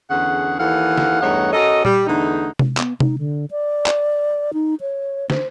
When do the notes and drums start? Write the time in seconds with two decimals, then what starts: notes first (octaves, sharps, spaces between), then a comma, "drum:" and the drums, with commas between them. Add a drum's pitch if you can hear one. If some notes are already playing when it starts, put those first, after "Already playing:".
0.10 E2 D3 C#4 G#4 F#5
0.60 D#2 E3 A4 F5 F#5
0.98 drum: snare
1.21 E2 G2 A3 D#4 C#5 F#5
1.53 C#4 F#4 A4 A#4 D#5
1.85 G3, drum: tom A#2
2.07 E2 D3 A3 D#4
2.59 drum: tom C3
2.77 B3, drum: clap
3.00 D#4, drum: tom C3
3.18 D3
3.51 D5
3.86 drum: clap
4.53 D#4
4.81 C#5
5.30 C5, drum: snare